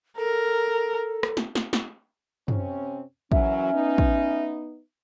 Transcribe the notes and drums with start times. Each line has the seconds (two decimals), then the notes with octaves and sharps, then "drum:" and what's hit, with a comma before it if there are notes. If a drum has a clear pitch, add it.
0.18 A4 A#4
1.23 drum: rim click
1.37 drum: snare
1.55 drum: snare
1.73 drum: snare
2.48 C3 C4 C#4, drum: tom
3.32 F#2 E3 F#3 C#4 E5, drum: kick
3.73 B3 D#4
3.98 drum: kick